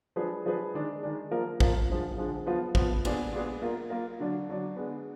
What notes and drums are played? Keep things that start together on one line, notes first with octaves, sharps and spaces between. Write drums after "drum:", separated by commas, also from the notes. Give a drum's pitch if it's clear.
F3 G#3 D4 G#4 B4
F3 G#3 D4 G#4 B4
D#3 G#3 D4
D#3 G#3 D4
F3 A#3 F4 A#4
F3 A#3 F4 A#4, drum: kick A1
D3 F3 G#3
D3 F3 G#3
F3 B3 F4
F3 B3 F4, drum: kick A1
A#2 G#3 B3 D4 G#4, drum: cymbal
A#2 G#3 B3 D4 G#4
A#3 F4 A#4
A#3 F4 A#4
D3 F#3 D4
D3 F#3 D4
D3 G#3 B3